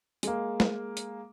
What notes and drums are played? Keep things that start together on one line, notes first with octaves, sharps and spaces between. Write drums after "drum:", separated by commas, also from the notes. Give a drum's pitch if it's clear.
G#3 A#3, drum: hi-hat
drum: snare
drum: hi-hat